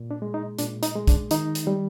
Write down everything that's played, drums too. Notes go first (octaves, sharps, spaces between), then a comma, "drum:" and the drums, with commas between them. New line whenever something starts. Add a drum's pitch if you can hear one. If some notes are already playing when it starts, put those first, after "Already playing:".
Already playing: A#2
D4
G#3
D#4
A#2 D4, drum: hi-hat
D#4, drum: hi-hat
G#3
D4, drum: kick, hi-hat
D#3 D#4, drum: hi-hat
drum: hi-hat
G3